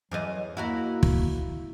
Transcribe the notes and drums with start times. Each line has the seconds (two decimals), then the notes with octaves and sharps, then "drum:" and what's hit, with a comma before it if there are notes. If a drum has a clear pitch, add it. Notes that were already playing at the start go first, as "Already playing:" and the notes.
0.11 E2 F#3 D#5
0.57 A#3 E4 F#4 A#4
1.03 drum: kick